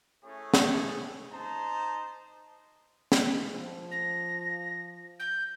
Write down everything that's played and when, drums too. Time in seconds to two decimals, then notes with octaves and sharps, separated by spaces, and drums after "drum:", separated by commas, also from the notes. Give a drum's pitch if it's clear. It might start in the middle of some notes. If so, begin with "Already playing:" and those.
0.24 A3 C#4 E4 G#4 C#5
0.54 drum: snare
1.31 D#4 C5 A5 A#5
3.12 drum: snare
3.49 F3
3.91 A#6
5.20 G6